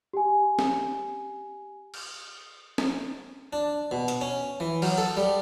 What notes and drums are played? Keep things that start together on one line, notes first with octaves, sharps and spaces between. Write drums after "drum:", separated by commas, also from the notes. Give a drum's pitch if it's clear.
G4 G#5
drum: snare
drum: cymbal
drum: snare
D4
B2
drum: hi-hat
C#4
E3
F#3, drum: cymbal
A4
G3